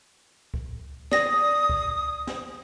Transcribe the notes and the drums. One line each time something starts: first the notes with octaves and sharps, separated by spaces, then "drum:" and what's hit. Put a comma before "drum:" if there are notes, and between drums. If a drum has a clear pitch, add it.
drum: kick C#2
D5 D#6 A#6, drum: snare
drum: kick C#2
drum: snare